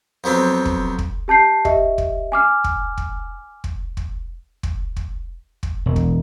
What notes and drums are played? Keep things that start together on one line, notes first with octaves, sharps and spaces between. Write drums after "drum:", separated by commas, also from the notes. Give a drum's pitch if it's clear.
F2 F#3 B3 C4
drum: kick
drum: kick
G4 A5 G6 C7
G4 D#5 E5, drum: kick
drum: kick
G#5 D6 F6
drum: kick
drum: kick
drum: kick
drum: kick
drum: kick
drum: kick
drum: kick
E1
drum: kick